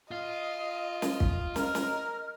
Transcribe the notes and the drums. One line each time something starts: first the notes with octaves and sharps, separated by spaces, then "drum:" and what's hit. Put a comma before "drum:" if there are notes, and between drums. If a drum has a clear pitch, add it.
F4 D#5
drum: snare
drum: kick
A#4 D#5 F6, drum: snare
drum: snare